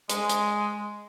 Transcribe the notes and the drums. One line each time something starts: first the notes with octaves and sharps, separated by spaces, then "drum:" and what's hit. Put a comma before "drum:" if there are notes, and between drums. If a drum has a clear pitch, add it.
G#3, drum: hi-hat
drum: hi-hat